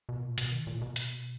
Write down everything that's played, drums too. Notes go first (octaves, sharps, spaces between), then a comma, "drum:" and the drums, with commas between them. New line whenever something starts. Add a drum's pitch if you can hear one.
B2
A#2
B2, drum: hi-hat
D#3
A#2
B2
drum: hi-hat